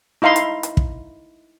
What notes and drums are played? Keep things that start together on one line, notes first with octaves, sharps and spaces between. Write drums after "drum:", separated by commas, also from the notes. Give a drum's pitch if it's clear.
D#4 E4 F5 A#5 C6
drum: hi-hat
drum: hi-hat
drum: kick